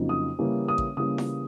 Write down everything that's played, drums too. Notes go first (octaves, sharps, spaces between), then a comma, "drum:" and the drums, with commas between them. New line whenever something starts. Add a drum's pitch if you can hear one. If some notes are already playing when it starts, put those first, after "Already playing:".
Already playing: F2 C#3 F#3 A#3 D#4
D#6
C#3 E3 G3 A#3 C#4
D#6
drum: kick
C#3 E3 G3 A#3 C#4 D#6
drum: snare